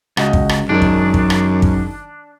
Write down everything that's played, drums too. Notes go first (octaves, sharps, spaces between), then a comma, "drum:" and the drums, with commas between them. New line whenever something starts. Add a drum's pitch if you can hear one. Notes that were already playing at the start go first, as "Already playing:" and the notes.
C#2 F#4 D#5, drum: rim click
drum: kick
drum: rim click
F#2 D#3 G#3 D4
drum: kick
drum: kick
drum: rim click
drum: kick